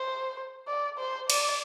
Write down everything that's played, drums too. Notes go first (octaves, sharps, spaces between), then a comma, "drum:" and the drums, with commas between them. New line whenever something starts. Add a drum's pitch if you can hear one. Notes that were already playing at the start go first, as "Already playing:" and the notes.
Already playing: C5
D5
C5
D5, drum: cymbal